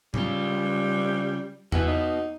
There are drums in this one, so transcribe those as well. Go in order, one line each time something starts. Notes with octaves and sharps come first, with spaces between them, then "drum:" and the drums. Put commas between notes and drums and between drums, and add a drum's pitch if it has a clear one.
C#3 G3 F4, drum: tom A2
E3 B3 F#4, drum: tom E2
D#4